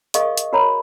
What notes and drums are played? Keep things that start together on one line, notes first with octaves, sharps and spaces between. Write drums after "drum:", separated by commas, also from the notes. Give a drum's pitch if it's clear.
G#4 A#4 D#5 F5 C#6 D#6, drum: hi-hat
drum: hi-hat
F#4 A#4 C#5 A#5 B5